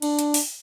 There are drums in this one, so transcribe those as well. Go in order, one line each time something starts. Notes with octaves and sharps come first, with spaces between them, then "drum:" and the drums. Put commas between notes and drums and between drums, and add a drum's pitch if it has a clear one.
D4, drum: cymbal
drum: hi-hat
drum: open hi-hat